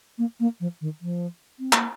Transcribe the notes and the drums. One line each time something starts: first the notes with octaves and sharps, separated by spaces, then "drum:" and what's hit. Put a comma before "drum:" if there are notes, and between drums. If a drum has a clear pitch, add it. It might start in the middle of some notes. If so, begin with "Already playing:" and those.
A#3
A#3
F3
D#3
F3
C4
A#3, drum: clap